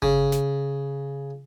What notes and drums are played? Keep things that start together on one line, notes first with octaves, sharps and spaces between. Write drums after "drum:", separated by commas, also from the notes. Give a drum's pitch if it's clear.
C#3, drum: kick G1
drum: snare